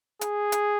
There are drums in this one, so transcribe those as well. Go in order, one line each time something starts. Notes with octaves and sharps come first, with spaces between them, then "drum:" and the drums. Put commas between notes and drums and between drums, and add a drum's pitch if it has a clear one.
G#4, drum: hi-hat
drum: hi-hat